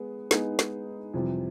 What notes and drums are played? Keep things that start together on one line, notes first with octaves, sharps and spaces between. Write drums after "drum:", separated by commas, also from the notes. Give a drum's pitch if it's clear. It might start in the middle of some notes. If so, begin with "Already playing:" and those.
Already playing: G#3 B3 G#4
G#3 B3 D#4 G#4, drum: snare
drum: snare
F2 C3 E3 G3